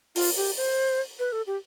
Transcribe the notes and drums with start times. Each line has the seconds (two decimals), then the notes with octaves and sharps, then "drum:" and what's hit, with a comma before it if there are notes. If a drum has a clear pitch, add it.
0.16 F4, drum: open hi-hat
0.37 G4
0.57 C5
1.19 B4
1.32 A4
1.47 G4